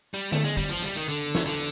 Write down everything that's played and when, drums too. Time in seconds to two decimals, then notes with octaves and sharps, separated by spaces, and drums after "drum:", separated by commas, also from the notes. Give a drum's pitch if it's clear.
0.14 G3
0.32 A3, drum: tom D3
0.44 G#3
0.57 G3, drum: kick
0.70 F3
0.82 G3, drum: hi-hat
0.96 D#3
1.08 D3
1.35 drum: snare
1.46 D3